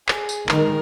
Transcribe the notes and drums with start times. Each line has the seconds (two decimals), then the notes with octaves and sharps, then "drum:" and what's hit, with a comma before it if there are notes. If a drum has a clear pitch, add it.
0.09 G#4, drum: clap
0.29 drum: tambourine
0.49 D#3 G#3 A#4, drum: clap